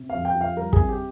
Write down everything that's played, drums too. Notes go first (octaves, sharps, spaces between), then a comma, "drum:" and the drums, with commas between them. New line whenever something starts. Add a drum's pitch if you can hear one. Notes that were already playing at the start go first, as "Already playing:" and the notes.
Already playing: C3
F2 F5
G5
F3
F5
G3 A#4
G#4, drum: kick
C3
G4